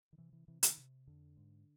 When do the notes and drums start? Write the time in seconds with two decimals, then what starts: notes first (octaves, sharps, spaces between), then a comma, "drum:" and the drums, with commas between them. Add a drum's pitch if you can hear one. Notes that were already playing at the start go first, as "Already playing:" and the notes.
0.13 D#3
0.18 C3 E3
0.33 E3
0.48 C3 E3
0.63 D#3, drum: hi-hat
0.78 C3
1.07 F2 D3
1.37 G#2